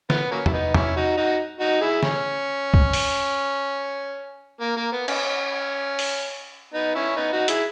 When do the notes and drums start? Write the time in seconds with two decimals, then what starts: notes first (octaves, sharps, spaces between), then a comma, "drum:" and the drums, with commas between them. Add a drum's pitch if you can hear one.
0.10 B3, drum: snare
0.31 F#3 A#3 C#4
0.46 E4, drum: tom E2
0.53 B3 D#4
0.74 C#4 E4, drum: tom E2
0.96 D#4 F#4
1.17 D#4 F#4
1.60 D#4 F#4
1.81 E4 G#4
2.03 C#4, drum: snare
2.74 drum: kick
2.93 drum: open hi-hat
4.60 A#3
4.76 A#3
4.92 B3
5.08 C#4, drum: cymbal
5.99 drum: open hi-hat
6.74 B3 D#4
6.95 C#4 E4
7.16 B3 D#4
7.32 D#4 F#4
7.48 E4 G#4, drum: hi-hat